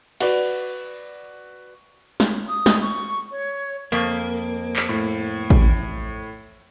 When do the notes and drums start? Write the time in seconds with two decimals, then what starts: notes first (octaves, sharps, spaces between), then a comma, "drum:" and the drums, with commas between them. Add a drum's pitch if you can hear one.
0.20 F#4 B4 D5, drum: cymbal
2.20 drum: snare
2.48 D#6
2.66 drum: snare
2.82 C#6
3.31 C#5
3.92 F2 A#3
4.76 drum: clap
4.89 A2
5.50 drum: kick A1